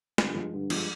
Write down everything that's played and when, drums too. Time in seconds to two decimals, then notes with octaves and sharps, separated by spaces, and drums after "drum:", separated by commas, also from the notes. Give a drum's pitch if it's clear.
0.18 G2 D3, drum: snare
0.35 F3 G#3
0.53 G2 D3
0.70 F3 G#3, drum: cymbal